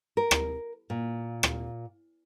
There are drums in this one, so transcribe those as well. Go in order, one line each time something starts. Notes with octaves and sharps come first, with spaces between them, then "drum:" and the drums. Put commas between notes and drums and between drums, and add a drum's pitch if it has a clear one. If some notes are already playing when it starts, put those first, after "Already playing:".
A#4
drum: rim click
A#2
drum: rim click